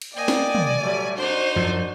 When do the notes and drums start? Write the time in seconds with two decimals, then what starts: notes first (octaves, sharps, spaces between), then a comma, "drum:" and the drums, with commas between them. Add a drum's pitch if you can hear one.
0.02 drum: cymbal
0.16 A#3 D5 D#5 G5 G#5
0.28 drum: snare
0.55 drum: tom
0.81 F#3 G3 A3
1.16 D4 D#4 F#4 C5
1.56 F#2 F3